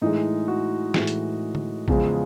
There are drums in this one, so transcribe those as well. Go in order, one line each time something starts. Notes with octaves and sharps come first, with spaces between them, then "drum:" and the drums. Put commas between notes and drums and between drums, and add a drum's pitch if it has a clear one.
A2 E3 G#3 D#4
F#4
A2 E3 G#3, drum: snare
drum: hi-hat
drum: tom D3
E2 C#3 F3 G#3, drum: kick A1